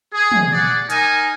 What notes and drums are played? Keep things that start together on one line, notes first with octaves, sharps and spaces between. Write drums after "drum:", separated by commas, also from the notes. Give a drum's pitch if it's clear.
G#4
drum: tom
G#4 D5 F#5
D#4 A#4 G#5, drum: hi-hat